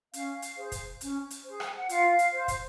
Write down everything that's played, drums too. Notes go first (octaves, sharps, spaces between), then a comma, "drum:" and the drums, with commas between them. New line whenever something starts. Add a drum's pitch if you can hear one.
C#4 F5, drum: hi-hat
drum: hi-hat
G#4 C5
drum: kick, hi-hat
C#4, drum: hi-hat
drum: hi-hat
G#4 C5
drum: rim click
F#5
F4 F5, drum: hi-hat
drum: hi-hat
C5
drum: kick, hi-hat